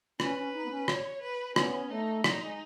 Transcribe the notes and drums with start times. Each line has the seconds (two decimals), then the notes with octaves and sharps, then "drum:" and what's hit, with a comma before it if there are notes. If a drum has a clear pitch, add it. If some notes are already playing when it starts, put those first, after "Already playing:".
0.20 C#4 B4, drum: rim click
0.37 C#4
0.53 D#4
0.65 B3
0.71 C#4
0.88 C#5, drum: rim click
1.22 B4
1.56 B3 C#4, drum: rim click
1.90 A3 D#4
2.24 F#3 D#4, drum: rim click
2.35 F#3
2.43 G#3